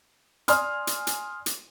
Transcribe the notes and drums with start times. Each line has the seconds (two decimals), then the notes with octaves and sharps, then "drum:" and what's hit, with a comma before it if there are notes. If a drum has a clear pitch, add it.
0.48 D5 G#5 C6 D#6 F6, drum: hi-hat
0.87 drum: hi-hat
1.07 drum: hi-hat
1.46 drum: hi-hat